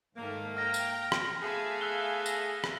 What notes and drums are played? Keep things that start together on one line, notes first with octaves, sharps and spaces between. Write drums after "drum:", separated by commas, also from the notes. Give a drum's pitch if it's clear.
G#2 D#3 A3 A#3
G5 A#5 F6 A#6
drum: tambourine
drum: rim click
A3 B3 G#4 E5 F5 G#5
E6 F#6 G7
A#6, drum: tambourine
drum: rim click